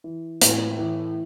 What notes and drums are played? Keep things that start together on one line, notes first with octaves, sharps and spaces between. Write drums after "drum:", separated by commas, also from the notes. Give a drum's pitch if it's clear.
E3
A2, drum: hi-hat
E3